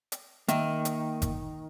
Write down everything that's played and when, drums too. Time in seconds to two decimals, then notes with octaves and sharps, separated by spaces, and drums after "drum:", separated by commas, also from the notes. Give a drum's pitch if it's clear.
0.12 drum: hi-hat
0.48 D#3 A#3 E5, drum: hi-hat
0.85 drum: hi-hat
1.22 drum: kick G1, hi-hat